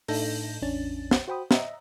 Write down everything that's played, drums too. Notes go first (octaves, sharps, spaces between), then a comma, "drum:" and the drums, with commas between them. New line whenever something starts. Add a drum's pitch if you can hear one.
A2 D4 D#4 A4 G6 A#6, drum: open hi-hat
A1 E2 C#4 D4 A6
drum: snare
F#4 C5 G5 B5 D#6
D#5 E5 A#5, drum: snare